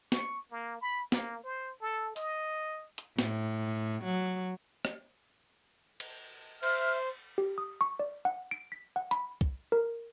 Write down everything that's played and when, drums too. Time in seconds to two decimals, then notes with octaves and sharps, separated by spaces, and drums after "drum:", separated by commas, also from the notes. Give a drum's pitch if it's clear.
0.12 C#6, drum: snare
0.51 A#3
0.81 B5
1.12 A#3, drum: snare
1.44 C5
1.81 A4
2.16 D#5, drum: open hi-hat
2.98 drum: hi-hat
3.19 A2, drum: snare
4.04 F#3
4.85 drum: rim click
6.00 drum: cymbal
6.63 C5 E5 F6, drum: cymbal
7.38 G4
7.58 D#6
7.81 C#6
7.99 D5
8.25 F#5
8.51 D7
8.72 B6
8.96 F#5
9.11 B5, drum: hi-hat
9.41 drum: kick C2
9.72 A#4